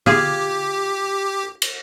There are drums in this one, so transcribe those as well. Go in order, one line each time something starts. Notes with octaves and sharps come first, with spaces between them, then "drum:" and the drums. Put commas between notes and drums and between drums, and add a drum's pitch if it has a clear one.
F4 G4 G#4, drum: tom D3
drum: cymbal